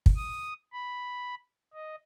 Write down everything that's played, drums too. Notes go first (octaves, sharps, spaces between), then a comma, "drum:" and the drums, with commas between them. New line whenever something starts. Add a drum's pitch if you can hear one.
drum: kick
D#6
B5
D#5